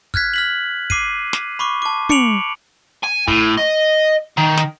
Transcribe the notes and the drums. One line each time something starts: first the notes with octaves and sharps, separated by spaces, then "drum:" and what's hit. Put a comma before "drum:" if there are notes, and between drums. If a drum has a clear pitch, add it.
F6 F#6 G#6 B6, drum: kick
F6 B6 F#7
D6 C7 D#7, drum: kick
drum: snare
B5 C#6 D6
A5 D6
D6 C#7 D7 F7 F#7, drum: tom
G#5
A2, drum: kick
D#5
D#3
drum: snare